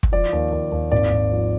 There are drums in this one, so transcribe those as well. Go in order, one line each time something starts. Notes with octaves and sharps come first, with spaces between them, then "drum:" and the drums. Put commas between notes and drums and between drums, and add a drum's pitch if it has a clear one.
drum: kick
F3 D5
D#2
D#2
D#2
G#1 D5
G#1
F3